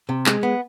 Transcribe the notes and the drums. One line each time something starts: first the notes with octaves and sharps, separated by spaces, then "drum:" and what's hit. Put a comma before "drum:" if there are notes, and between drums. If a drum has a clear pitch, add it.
C3
G#3, drum: clap
B3